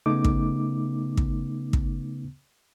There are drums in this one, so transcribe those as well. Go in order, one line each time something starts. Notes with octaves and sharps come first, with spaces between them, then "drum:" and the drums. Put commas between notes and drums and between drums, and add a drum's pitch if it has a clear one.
C#3 A3 B3 D#4 D6
drum: kick
drum: kick
drum: kick